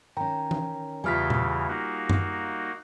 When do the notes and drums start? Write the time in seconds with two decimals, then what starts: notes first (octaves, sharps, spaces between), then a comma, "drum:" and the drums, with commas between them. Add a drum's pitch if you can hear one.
0.17 D#3 C#4 G5 A#5
0.51 drum: tom E3
1.04 E2 C#3 E3 G3 F4 G#5 F6 B6
1.30 drum: tom A#2
1.68 A#3 D#4 F#4
2.10 drum: tom F#2